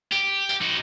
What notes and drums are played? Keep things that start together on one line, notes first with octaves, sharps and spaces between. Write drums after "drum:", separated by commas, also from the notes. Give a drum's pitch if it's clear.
G4, drum: tambourine
drum: tambourine
D#4 F#4